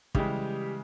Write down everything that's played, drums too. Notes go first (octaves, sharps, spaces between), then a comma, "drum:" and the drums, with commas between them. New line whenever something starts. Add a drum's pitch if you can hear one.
C#3 E3 G3 G#3 G4, drum: kick